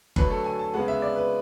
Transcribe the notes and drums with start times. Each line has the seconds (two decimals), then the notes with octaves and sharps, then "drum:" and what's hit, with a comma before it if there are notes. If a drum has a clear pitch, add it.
0.16 D3 F#3 A3 B4, drum: kick G1
0.30 A4
0.44 G#5
0.59 A5
0.74 C#3 G#3 B3 F#5
0.88 E5
1.02 D5
1.16 B4